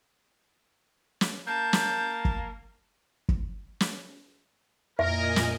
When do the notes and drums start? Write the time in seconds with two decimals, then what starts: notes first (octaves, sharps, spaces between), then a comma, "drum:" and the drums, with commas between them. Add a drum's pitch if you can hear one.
1.21 drum: snare
1.47 A#3 A5 G6
1.73 drum: snare
2.25 drum: kick
3.29 drum: kick
3.80 drum: snare
4.99 F2 A#2 A#4 D#5 E5 G#5
5.36 drum: snare